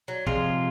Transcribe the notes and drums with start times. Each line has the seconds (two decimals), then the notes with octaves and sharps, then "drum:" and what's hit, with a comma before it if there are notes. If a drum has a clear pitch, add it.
0.08 F#3
0.26 C3 F3 G#3 C4 F4, drum: kick